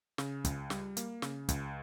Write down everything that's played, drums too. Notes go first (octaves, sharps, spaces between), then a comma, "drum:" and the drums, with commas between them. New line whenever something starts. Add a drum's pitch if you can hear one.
C#3, drum: snare
C#2, drum: kick, hi-hat
G3, drum: snare
A#3, drum: hi-hat
C#3, drum: snare
C#2, drum: kick, hi-hat